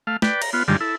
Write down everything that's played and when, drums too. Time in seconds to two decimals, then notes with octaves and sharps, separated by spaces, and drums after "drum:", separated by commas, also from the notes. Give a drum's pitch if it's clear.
0.07 A3 F5
0.22 B4 D5 G5, drum: snare
0.42 A#5, drum: cymbal
0.53 B3 F4
0.68 G2 D3 D#3 F3 G3 G#3
0.80 E4 A4